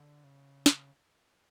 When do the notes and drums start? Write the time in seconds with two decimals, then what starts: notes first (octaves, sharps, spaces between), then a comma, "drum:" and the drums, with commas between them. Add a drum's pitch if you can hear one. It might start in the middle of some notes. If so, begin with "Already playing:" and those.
Already playing: D3
0.24 C#3
0.66 drum: snare